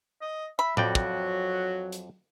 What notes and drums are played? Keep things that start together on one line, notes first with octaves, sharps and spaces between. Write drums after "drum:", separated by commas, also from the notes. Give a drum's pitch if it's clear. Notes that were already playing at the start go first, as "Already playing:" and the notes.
D#5
E5 B5
F2 F#3 F#4 D5 G5, drum: tom A2
drum: kick
drum: hi-hat